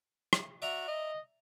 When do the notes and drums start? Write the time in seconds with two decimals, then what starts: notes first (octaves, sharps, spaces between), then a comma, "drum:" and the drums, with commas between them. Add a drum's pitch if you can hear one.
0.33 drum: rim click
0.62 F#4 D5 E5 A#5
0.88 D#5